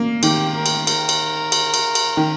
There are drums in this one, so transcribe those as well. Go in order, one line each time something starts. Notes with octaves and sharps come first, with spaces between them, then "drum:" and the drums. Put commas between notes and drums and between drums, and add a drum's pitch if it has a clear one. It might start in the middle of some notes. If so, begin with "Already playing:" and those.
Already playing: A#3
D#3 G4, drum: cymbal
A#4
drum: cymbal
A#4, drum: cymbal
drum: cymbal
drum: cymbal
drum: cymbal
drum: cymbal
D#3